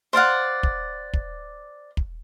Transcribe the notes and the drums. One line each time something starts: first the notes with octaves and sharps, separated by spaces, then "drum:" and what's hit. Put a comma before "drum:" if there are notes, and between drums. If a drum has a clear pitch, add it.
C5 D5 F5 F#5
drum: kick
drum: kick
drum: kick